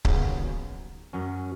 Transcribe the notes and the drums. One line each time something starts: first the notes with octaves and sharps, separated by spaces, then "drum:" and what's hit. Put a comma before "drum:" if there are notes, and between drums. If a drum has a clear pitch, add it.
D#2 C#3 F#3 B3 G#4, drum: kick C#1
F#2 F#3 C#4